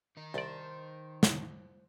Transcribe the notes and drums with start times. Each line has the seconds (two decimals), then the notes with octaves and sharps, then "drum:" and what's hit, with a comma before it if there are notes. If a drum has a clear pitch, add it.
0.17 D#3 D#4
0.34 C2 C5 D5 A5
1.23 drum: snare